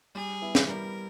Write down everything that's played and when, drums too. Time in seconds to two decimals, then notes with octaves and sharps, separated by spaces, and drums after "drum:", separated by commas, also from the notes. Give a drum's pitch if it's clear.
0.15 G3 G#4
0.41 B3 E4
0.55 drum: snare
0.68 G3 A#4